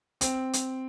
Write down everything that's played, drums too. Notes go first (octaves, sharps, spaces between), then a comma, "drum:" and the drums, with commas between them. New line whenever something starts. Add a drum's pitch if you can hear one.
C4, drum: hi-hat
drum: hi-hat